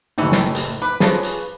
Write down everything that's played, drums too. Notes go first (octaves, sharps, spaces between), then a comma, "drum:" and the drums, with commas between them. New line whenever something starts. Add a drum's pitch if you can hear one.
F#1 A2 E3 C#4 G4
drum: snare
drum: hi-hat
B4 D6
F3 A#3 C#4 G#4 B4 C#5, drum: snare
drum: hi-hat